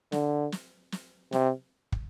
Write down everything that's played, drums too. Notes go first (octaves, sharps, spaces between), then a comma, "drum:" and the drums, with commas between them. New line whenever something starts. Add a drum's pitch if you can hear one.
D3, drum: snare
drum: snare
drum: snare
C3, drum: snare
drum: kick